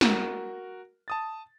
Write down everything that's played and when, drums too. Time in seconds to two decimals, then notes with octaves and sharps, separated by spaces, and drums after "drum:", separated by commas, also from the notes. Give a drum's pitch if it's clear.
0.01 F#4 A#4, drum: snare
1.08 A5 D#6 A6